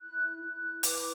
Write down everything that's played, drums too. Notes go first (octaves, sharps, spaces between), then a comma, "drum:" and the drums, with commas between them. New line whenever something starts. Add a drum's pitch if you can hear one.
E4 F#6
F#6
E4
F#6
B4 D6, drum: hi-hat